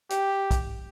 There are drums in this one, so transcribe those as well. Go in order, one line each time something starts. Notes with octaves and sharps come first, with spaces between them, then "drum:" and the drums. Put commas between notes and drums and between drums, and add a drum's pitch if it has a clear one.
G4, drum: hi-hat
drum: kick, hi-hat